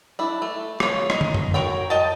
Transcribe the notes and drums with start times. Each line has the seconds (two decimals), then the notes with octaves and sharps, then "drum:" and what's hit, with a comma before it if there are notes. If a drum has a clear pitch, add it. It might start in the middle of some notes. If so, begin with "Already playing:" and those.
0.19 D4 E4
0.42 A3
0.80 F4 C#5, drum: rim click
1.10 D#4, drum: rim click
1.21 drum: tom
1.34 drum: tom F2
1.54 F#4 A#4 C#5 G5
1.90 D#5 G5 A5